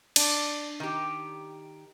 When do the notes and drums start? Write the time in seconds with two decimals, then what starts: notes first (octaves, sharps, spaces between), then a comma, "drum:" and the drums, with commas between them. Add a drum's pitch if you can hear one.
0.16 D4, drum: cymbal
0.80 D#3 G4